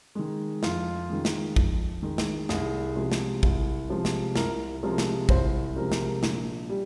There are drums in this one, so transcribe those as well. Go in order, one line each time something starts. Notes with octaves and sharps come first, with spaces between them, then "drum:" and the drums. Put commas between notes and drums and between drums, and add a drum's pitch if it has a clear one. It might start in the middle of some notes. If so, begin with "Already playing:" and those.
D#3 G#3
F2 F4, drum: snare
D#3 G#3
drum: snare
F2, drum: kick A#1
D#3 G#3
drum: snare
C2 G#4, drum: snare
C3 F3 G#3
drum: snare
C2, drum: kick A#1
C3 F3 G#3
drum: snare
C2 A#4, drum: snare
C3 F3 G#3 A#4
drum: snare
C2 C5, drum: kick A#1
C3 F3 G#3 A#4
drum: snare
A#1, drum: snare
G3